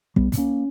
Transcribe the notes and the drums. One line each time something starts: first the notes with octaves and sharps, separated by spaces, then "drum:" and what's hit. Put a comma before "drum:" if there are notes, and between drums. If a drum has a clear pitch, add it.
B1 G3 B3, drum: kick
B2, drum: kick, hi-hat
A#3 C#4